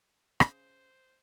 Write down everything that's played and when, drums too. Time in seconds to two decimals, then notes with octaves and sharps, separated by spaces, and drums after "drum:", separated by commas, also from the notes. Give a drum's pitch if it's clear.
0.40 C#3 C5, drum: rim click